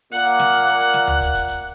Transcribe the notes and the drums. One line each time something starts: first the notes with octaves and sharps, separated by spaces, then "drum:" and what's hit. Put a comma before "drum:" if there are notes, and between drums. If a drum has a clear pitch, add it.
A#2 A#3 F#5 F#6, drum: hi-hat
drum: hi-hat
drum: snare
drum: hi-hat
drum: hi-hat
drum: hi-hat
drum: snare
drum: tom D2
drum: kick, hi-hat
drum: kick, hi-hat
drum: hi-hat